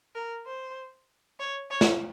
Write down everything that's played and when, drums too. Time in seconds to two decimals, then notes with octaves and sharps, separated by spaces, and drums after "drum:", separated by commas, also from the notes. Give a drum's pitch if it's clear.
0.15 A#4
0.46 C5
1.40 C#5
1.71 C#5
1.81 drum: snare